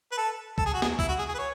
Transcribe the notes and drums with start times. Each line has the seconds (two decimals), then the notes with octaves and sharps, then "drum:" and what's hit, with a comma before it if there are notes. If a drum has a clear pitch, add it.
0.12 B4
0.18 A4
0.58 A4, drum: kick C2
0.66 G#4
0.74 F#4
0.82 G#4, drum: snare
0.99 E4, drum: kick C2
1.08 F#4
1.19 G#4
1.29 G#4
1.34 B4
1.39 C#5